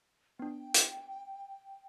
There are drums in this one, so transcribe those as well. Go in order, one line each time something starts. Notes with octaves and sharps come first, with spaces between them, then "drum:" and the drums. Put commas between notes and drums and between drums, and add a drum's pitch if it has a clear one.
B3 D4 G5
drum: hi-hat